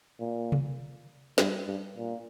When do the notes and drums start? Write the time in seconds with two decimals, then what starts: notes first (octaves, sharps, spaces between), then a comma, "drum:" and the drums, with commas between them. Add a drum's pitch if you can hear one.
0.20 A#2
0.52 drum: tom C3
1.38 G2, drum: snare
1.67 G2
1.97 A#2